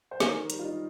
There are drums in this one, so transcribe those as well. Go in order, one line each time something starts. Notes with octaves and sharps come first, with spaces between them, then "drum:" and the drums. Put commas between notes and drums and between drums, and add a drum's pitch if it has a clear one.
C5
D#3 A#4, drum: snare
G3, drum: hi-hat
F4
D#4